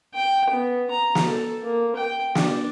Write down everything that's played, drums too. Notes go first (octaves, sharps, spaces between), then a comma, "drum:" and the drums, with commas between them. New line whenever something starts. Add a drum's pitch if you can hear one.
G5
B3
A#5
drum: snare
A4
A#3
G5
D4, drum: snare